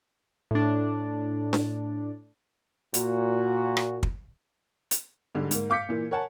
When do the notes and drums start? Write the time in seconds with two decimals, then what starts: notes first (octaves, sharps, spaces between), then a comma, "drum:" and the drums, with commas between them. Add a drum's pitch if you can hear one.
0.51 A2 D4
1.53 drum: snare D4
2.94 A#2 F#4, drum: hi-hat
3.77 drum: rim click
4.03 drum: kick
4.91 drum: hi-hat
5.35 G#2 D3 G3 G#3
5.51 G#2 A#3, drum: hi-hat
5.70 F5 D6 G6 B6 C#7
5.88 A#2 E3 A#3
6.11 A#4 C#5 F#5 G#5 A5